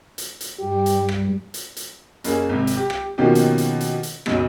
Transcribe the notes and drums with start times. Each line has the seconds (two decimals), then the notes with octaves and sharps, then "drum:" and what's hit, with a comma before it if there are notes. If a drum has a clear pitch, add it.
0.18 drum: hi-hat
0.41 drum: hi-hat
0.60 G2 G3 G4
0.86 drum: hi-hat
1.09 drum: rim click
1.54 drum: hi-hat
1.77 drum: hi-hat
2.24 F#1 A#3 C#4 G#4, drum: hi-hat
2.49 G#1 C3
2.67 drum: hi-hat
2.77 G4
2.90 drum: rim click
3.18 B2 D#3 F3 A#3 C#4 G4
3.35 drum: hi-hat
3.58 drum: hi-hat
3.80 drum: hi-hat
4.03 drum: hi-hat
4.26 F#1 B1 F#2 C#3, drum: rim click